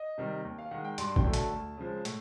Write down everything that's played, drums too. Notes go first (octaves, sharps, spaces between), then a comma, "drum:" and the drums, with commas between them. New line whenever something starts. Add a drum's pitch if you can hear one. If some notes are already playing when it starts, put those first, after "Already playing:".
Already playing: D#5
C3 D#3 G3
D#2
F5
D#3 G#3 F#5
G5
G2 C6, drum: hi-hat
G5, drum: kick
D3 F#3 A3
A5, drum: hi-hat
D2
C#3 F3 G#3
A2, drum: hi-hat